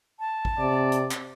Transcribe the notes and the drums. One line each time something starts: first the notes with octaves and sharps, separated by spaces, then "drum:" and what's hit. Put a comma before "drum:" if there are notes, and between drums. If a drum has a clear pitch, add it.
A5
drum: kick A1
C3 D5
drum: hi-hat
drum: clap